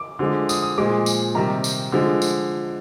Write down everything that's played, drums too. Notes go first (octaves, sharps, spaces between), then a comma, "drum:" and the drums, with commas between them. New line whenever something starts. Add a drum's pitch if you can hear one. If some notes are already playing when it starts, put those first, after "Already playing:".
Already playing: D6
D3 F3 G#3
D#6, drum: tambourine
D#6
A#2 F3 G#3 D6
drum: tambourine
C3 D#3 G3 A#5
drum: tambourine
D3 F3 G#3
drum: tambourine